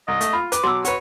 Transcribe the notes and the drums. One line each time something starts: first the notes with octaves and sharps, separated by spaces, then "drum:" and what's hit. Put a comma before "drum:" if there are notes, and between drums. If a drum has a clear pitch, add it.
C2 D#5
A3, drum: hi-hat
F4 B5
B4 D6, drum: hi-hat
B2 F#3 C6 E6
F#4 B4 C#5, drum: hi-hat